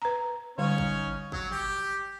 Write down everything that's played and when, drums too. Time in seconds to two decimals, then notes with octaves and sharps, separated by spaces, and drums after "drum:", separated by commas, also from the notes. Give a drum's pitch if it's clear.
0.02 B4 A#5
0.58 D3 G3 C#4 D#4 C#5
0.78 drum: kick G#1
1.32 F#3, drum: kick G#1
1.51 G4, drum: tom